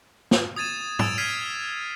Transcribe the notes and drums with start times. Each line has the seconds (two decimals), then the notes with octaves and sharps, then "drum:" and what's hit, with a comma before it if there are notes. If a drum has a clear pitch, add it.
0.31 drum: snare
0.56 D#6 G#6 A6 D#7 E7
0.99 E6 A6 D7 E7 F7, drum: tom A2
1.18 F6 G#6 B6 C7 D#7